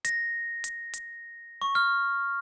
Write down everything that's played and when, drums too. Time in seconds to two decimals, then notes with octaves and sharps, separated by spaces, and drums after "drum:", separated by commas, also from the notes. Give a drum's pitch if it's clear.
0.05 A#6, drum: hi-hat
0.64 drum: hi-hat
0.94 drum: hi-hat
1.62 C#6
1.75 F6